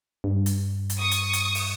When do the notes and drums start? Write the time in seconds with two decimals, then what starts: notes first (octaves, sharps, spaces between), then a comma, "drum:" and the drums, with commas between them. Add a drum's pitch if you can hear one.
0.24 G2
0.46 drum: hi-hat
0.90 drum: hi-hat
0.99 C#6 D#6
1.11 drum: hi-hat
1.33 drum: hi-hat
1.55 drum: open hi-hat